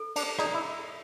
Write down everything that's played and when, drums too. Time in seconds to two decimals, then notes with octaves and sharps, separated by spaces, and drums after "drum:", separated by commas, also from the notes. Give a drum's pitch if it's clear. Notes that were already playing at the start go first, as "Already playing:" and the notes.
Already playing: A4
0.16 D4, drum: cymbal
0.39 D#4 D5, drum: rim click
0.54 E4